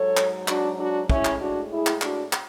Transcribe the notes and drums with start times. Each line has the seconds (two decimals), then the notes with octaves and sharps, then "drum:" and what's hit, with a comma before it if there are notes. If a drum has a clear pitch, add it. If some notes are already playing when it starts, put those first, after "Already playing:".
Already playing: G#2 F#3 A4 C#5
0.17 drum: clap
0.48 D4 F#4, drum: clap
0.78 D4 F#4
1.10 A2 G#3 C#4 E4, drum: kick
1.25 drum: clap
1.40 D4 F#4
1.71 E4 G#4
1.87 drum: clap
2.01 D4 F#4, drum: clap
2.33 drum: clap